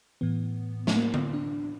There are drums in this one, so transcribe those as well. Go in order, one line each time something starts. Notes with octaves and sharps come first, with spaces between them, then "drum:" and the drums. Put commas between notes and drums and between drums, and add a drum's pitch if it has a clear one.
A2 E3 B3
A3, drum: snare
A#3
drum: tom D3
D4